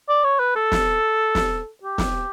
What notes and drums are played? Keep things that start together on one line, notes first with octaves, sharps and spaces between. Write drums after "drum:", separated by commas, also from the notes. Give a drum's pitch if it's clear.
D5
C#5
B4
A4
drum: snare
drum: snare
G4
drum: snare